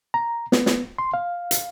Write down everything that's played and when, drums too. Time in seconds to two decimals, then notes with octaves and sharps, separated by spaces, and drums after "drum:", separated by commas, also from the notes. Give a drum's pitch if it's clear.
0.14 A#5
0.52 B3, drum: snare
0.66 drum: snare
0.98 C6
1.14 F5
1.51 drum: hi-hat